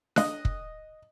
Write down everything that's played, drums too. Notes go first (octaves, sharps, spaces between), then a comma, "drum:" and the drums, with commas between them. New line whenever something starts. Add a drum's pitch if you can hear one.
D#5 F#6, drum: snare D4
drum: kick